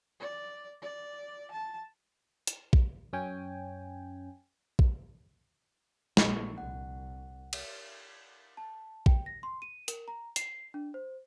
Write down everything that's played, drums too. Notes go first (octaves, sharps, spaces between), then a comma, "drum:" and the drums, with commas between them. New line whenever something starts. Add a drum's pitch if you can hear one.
D5
D5
A5
drum: hi-hat
drum: kick A#1
F#2 C#4 G5 G#5
drum: kick A#1
A#1 A#3 C#6, drum: snare
C2 F#5
drum: cymbal
A5
G5, drum: kick A#1
A#6
C6
D#7
A#4, drum: hi-hat
A#5
C7, drum: hi-hat
D4
C5